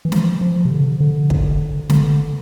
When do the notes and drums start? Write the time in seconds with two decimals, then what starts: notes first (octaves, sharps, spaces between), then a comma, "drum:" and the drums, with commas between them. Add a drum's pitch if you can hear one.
0.05 E3
0.12 F3, drum: snare
0.41 F3
0.65 C3
0.71 D3
1.00 D3
1.30 drum: kick
1.90 D3, drum: snare